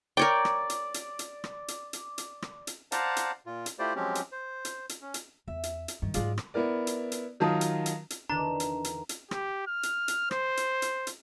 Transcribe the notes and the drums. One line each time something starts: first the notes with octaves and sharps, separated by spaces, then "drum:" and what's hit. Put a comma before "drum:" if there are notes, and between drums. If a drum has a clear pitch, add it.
A#4 C#5 D5 G5
drum: rim click
drum: hi-hat
drum: hi-hat
drum: hi-hat
drum: rim click
drum: hi-hat
drum: hi-hat
drum: hi-hat
drum: rim click
drum: hi-hat
C5 D5 F5 F#5 A5 A#5, drum: hi-hat
drum: hi-hat
A#2 F4
drum: hi-hat
A3 E4 F4 G4 C5 D5
F3 F#3 G#3 C4 C#4 G4
drum: hi-hat
C5
drum: hi-hat
drum: hi-hat
C#4
drum: hi-hat
E2 E5
drum: hi-hat
drum: hi-hat
G2 D#3
G#2 F#3 G#3 F4 D5, drum: hi-hat
drum: rim click
B3 E4 A#4 D5
drum: hi-hat
drum: hi-hat
D#3 F#3 F4 A5 D#6
drum: hi-hat
drum: hi-hat
drum: hi-hat
E2 D3 D#3 D4 A#5
drum: hi-hat
drum: hi-hat
drum: hi-hat
G4, drum: rim click
F6
drum: hi-hat
drum: hi-hat
C5, drum: rim click
drum: hi-hat
drum: hi-hat
drum: hi-hat